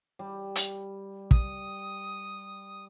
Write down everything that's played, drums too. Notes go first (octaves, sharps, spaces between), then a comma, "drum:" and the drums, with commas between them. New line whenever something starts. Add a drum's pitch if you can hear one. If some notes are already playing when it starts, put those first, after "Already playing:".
G3
drum: hi-hat
D#6, drum: kick